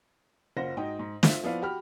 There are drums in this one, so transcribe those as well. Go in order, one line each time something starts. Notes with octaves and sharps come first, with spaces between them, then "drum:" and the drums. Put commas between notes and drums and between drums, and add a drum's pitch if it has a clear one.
F#1 F4 C5 F#5 A#6
G#2 D#4 F#4 G5
G#2
F4 C5 E5, drum: snare
F3 B3 E4 D5 F5
F#4 G4 B5 F6